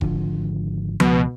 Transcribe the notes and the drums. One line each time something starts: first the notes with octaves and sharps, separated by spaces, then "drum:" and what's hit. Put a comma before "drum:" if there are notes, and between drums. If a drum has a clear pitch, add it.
G#1 D3 F3, drum: kick E1
C#2 B2, drum: tom F3